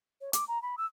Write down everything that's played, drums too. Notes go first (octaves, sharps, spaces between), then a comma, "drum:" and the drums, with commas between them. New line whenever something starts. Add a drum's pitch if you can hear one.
C#5
D6, drum: hi-hat
A#5
B5
E6